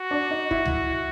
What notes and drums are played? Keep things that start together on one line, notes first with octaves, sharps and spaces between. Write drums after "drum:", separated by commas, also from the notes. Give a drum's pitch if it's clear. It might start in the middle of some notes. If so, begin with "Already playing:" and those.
Already playing: F#4
D4
D#4
E4, drum: kick
drum: tom C#2